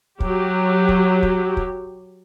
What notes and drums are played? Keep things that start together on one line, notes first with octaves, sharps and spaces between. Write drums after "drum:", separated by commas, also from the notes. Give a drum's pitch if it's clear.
F#3 G4, drum: kick
drum: kick
drum: kick
drum: kick